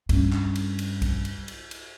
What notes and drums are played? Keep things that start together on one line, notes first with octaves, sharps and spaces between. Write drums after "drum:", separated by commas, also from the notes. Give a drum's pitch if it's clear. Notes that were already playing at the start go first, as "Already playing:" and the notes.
G2 C#4, drum: kick, cymbal
drum: clap
drum: cymbal
drum: cymbal
drum: kick, cymbal
drum: cymbal
drum: cymbal
drum: cymbal